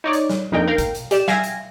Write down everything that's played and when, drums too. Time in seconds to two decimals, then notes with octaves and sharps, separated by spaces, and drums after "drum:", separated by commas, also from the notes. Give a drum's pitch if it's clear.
0.04 D#4 C#5 D5
0.13 drum: hi-hat
0.29 drum: snare
0.52 F2 A#3 D4 D#4 A#4 G5
0.68 A#4 F5 G5
0.78 drum: kick, hi-hat
0.95 drum: hi-hat
1.11 G4 D5 E7, drum: hi-hat
1.28 E5 F5 G5 G#5 G#6 A#6, drum: snare
1.44 drum: hi-hat